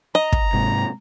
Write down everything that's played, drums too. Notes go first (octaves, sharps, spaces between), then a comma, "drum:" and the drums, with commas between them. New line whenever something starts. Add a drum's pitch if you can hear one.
D#5 A#5
drum: kick
G#2 C3